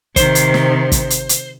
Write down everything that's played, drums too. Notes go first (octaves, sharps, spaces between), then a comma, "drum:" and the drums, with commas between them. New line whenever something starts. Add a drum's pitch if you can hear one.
C3 D#3 C5, drum: kick, hi-hat
drum: hi-hat
drum: snare
drum: kick, hi-hat
drum: hi-hat
drum: hi-hat